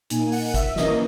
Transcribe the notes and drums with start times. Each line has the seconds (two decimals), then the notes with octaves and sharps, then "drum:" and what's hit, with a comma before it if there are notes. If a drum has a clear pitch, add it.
0.10 A#2 A#3 D#4 G#5, drum: hi-hat
0.32 F#5, drum: open hi-hat
0.46 F#5
0.54 E5, drum: kick, hi-hat
0.76 E3 A#3 C#4 D#5, drum: snare